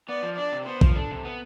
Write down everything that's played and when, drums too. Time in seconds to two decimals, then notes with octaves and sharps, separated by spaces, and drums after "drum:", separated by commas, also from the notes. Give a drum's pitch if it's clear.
0.09 B3 D5
0.23 F3
0.37 D4 D5
0.52 C3
0.66 B3 C5
0.81 F3, drum: kick
0.95 D4 A4
1.11 C3
1.25 B3